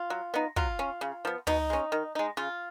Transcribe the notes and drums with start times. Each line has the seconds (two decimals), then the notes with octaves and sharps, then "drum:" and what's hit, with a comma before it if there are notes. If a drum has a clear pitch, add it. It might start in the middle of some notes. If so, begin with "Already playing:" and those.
Already playing: F4
0.10 F#3
0.34 B3 D#4
0.56 F#3 F4, drum: kick
0.79 C#4
1.01 C#3
1.25 F3 B3
1.47 B2 D#4, drum: tom
1.70 G#3 C#4
1.92 D#3
2.15 G#3 D#4
2.37 C#3 F4